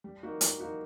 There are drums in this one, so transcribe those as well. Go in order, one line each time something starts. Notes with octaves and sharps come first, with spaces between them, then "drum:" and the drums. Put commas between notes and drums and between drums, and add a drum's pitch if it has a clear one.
G3
A#3 D#4 F#4
G3, drum: hi-hat
A#3 D#4 F#4